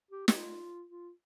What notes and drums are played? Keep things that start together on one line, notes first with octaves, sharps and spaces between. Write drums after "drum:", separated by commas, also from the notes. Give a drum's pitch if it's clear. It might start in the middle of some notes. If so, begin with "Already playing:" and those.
G4
G4, drum: snare
F4
F4